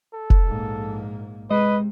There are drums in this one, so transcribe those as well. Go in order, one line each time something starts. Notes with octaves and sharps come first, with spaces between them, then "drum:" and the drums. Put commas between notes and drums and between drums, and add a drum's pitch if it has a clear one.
A4
drum: kick F1
A#1 G#2 A#3
C3 G#3 B4 D#5